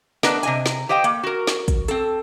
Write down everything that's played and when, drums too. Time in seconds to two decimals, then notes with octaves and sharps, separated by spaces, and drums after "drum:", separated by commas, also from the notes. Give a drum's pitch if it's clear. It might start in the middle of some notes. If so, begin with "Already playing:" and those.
0.23 A3 B3 D4 A#4 B4 D#5, drum: snare
0.43 C3 D#5 G#5, drum: hi-hat
0.66 drum: snare
0.89 G4 C5 D#5 F5 G5
1.04 A#3, drum: hi-hat
1.23 F#4 A#4
1.47 drum: snare
1.68 drum: kick, hi-hat
1.88 C4 A4, drum: hi-hat